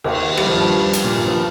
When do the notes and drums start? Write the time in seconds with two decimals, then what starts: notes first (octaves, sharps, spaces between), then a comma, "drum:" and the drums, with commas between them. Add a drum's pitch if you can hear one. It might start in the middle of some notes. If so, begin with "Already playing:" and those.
0.04 D#2 D#3, drum: cymbal
0.37 G3, drum: rim click
0.47 F3
0.57 G2 G3
0.93 drum: hi-hat
1.04 A#2
1.16 G2
1.27 F3